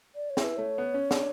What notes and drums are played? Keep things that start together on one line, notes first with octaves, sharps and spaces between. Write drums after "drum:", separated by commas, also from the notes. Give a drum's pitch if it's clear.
D5
C#5
E4, drum: snare
B4
A3 C#5
B3
C#4
D4, drum: snare